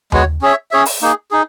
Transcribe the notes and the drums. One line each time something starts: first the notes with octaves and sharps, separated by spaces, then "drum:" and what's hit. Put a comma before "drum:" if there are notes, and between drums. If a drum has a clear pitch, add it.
G#3 B3 F#4 C#5, drum: tom D#2
C#4 G#4 C#5 E5
C#4 G#4 C#5 E5
drum: open hi-hat
A#3 D#4 G#4
D#4 G#4